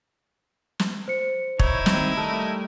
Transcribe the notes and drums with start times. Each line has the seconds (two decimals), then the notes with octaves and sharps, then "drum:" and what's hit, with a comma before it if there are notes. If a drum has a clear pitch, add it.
0.79 drum: snare
1.08 C5 C#7
1.59 D#4 E4 C#5, drum: kick
1.86 D#3 G3 C4, drum: snare
2.17 G3 A3 A#4 A5